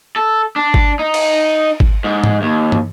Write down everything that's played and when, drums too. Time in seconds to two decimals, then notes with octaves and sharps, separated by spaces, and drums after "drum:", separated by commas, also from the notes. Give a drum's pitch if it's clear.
0.16 A4
0.56 D4
0.74 drum: kick G#1
0.99 D#4
1.14 drum: cymbal
1.80 drum: kick G#1
2.04 G#2
2.24 drum: tom G#2
2.42 D#2
2.72 drum: tom